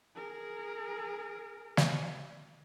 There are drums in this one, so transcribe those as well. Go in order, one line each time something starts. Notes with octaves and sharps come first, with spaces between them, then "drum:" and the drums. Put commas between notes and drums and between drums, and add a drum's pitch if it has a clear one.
G#4 A#4
drum: snare